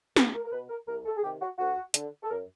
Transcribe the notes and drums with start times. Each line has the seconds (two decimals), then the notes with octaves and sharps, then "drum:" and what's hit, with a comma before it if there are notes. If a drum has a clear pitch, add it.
0.16 C#2 B4, drum: snare
0.34 A#4
0.45 A#4
0.52 B2 B4
0.69 A#4
0.88 C2 A#4
1.05 A4
1.17 G#4
1.23 C3 D#3 G4
1.41 F#4
1.58 D2 F#4
1.94 D3, drum: hi-hat
2.23 A4
2.30 F#2 A#4